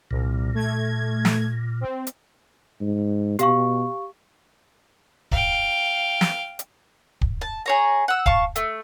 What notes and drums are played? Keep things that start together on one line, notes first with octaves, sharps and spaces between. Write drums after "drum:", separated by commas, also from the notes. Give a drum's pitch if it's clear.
C2 A#2
A3 G#6
drum: snare
C4
drum: hi-hat
G#2
B2 G4 F5 C#6, drum: hi-hat
F5 G5, drum: kick
drum: snare
drum: hi-hat
drum: kick
A5
G#4 C#5 A#5
F#5 E6
F5 A5 C#6, drum: kick
A3, drum: hi-hat